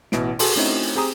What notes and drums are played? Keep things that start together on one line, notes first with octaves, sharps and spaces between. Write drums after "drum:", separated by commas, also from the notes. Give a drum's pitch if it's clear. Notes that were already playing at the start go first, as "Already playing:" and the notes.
A1 B2 E4 D7, drum: snare
F#4 G#4 A4 C6, drum: open hi-hat
A3 C4 C#4 D#4 E4 F#4
C4 G4 G#4 A#5 D#6